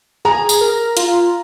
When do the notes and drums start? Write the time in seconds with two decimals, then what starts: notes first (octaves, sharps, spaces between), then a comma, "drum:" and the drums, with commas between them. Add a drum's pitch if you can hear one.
0.25 G#4 A#5
0.49 drum: tambourine
0.61 A#4
0.97 F4, drum: hi-hat